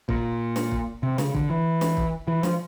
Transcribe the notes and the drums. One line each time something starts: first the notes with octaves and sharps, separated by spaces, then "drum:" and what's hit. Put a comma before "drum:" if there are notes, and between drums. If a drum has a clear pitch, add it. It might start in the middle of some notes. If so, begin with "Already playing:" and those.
A#2, drum: kick
drum: snare
drum: kick
C3
C#3, drum: snare
D3, drum: kick
E3
drum: snare
drum: kick
E3
F3, drum: snare